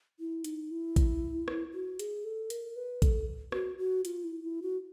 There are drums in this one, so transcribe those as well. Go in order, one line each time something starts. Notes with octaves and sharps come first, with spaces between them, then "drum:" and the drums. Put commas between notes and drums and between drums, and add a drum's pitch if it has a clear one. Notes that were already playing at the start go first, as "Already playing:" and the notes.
E4
D#4, drum: hi-hat
E4
drum: kick A1, hi-hat
drum: rim click
F#4
G#4, drum: hi-hat
A4
A#4, drum: hi-hat
B4
A4, drum: kick A1, hi-hat
F#4, drum: rim click
F#4
F4, drum: hi-hat
E4
E4
F#4